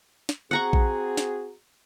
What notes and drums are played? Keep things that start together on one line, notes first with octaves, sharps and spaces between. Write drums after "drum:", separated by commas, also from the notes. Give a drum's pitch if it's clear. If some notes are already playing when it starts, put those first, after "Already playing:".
drum: snare
C4 F#4 G#4 F#5 A#5 C#6
drum: kick A#1
drum: snare